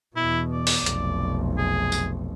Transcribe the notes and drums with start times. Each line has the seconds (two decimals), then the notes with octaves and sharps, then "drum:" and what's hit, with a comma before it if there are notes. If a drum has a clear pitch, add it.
0.16 E2 B2 E4
0.53 D5
0.67 drum: open hi-hat
0.86 F1 B1, drum: hi-hat
1.57 G#4
1.92 drum: tambourine